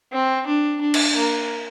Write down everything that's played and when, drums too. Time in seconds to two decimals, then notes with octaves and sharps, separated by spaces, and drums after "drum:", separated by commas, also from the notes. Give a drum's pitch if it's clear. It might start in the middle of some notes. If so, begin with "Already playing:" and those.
0.12 C4
0.47 D4
0.81 D4
0.94 drum: cymbal
1.15 A#3